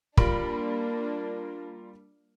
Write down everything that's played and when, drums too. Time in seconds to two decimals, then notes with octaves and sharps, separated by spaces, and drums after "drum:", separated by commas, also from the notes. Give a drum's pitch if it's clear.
0.17 G3 A#3 D4 F4 A#4 B5 D7, drum: kick